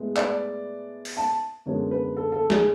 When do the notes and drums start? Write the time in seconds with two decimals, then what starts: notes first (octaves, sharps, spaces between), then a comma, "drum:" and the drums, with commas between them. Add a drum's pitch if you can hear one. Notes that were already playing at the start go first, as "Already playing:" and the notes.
Already playing: A2 G#3 B3
0.16 D5, drum: clap
1.05 drum: open hi-hat
1.17 A5
1.66 F#2 D3 G#3 B3 C#5
1.91 B4
2.17 A4
2.32 A4
2.50 G#4, drum: snare